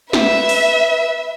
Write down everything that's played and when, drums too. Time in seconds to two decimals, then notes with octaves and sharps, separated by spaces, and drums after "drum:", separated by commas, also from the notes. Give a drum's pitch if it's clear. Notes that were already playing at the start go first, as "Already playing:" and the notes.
0.13 B4 E5, drum: snare
0.49 drum: open hi-hat